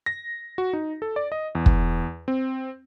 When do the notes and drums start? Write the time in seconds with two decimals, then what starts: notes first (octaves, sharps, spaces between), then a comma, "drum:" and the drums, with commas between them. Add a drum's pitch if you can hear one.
0.06 A#6
0.58 F#4
0.73 D#4
1.02 A4
1.16 D5
1.32 D#5
1.55 E2
1.66 drum: kick
2.28 C4